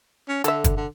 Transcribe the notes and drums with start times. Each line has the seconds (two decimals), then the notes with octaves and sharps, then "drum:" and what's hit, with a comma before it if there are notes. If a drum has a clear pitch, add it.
0.28 C#4
0.44 D3 A4 E5, drum: hi-hat
0.64 drum: kick, hi-hat
0.77 D3